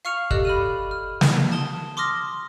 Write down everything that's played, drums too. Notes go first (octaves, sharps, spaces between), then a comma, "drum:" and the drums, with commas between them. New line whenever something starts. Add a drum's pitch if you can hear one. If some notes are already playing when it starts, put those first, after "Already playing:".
F5 C#6 F6 C#7 F7
G4 A4 D5 D#5 F#6, drum: kick
B5 F6 D#7
F6
drum: snare
A5 D#6 G7
C6 D6 D#6 F6 A#6